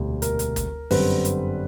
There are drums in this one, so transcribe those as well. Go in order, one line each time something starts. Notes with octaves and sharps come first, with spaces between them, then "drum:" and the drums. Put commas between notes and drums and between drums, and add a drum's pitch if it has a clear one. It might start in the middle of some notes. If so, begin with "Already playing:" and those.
Already playing: E1 D2 C3 E3 G3
A#4, drum: hi-hat
drum: hi-hat
drum: kick, hi-hat
G1 F#2 D3 G3 C4 B4, drum: open hi-hat
drum: hi-hat